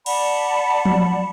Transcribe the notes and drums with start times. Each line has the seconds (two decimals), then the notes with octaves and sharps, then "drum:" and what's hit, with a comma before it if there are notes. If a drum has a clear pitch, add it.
0.06 D5 F#5 A5 B5, drum: cymbal
0.85 drum: tom F3